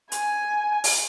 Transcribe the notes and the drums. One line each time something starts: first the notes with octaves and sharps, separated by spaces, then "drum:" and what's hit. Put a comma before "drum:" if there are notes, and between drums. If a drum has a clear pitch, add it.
G#5, drum: hi-hat
drum: open hi-hat